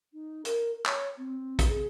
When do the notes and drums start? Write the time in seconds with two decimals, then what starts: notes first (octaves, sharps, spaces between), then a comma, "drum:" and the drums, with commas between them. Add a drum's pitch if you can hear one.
0.13 D#4
0.45 A#4, drum: hi-hat
0.86 C#5, drum: clap
1.17 C4
1.59 drum: kick, hi-hat
1.69 G#4